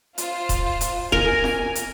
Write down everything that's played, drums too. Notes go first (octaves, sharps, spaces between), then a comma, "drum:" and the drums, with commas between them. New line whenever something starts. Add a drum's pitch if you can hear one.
F4 C5, drum: hi-hat
drum: kick D#1, hi-hat
drum: hi-hat
A#4 G#5, drum: kick D#1
drum: snare
drum: hi-hat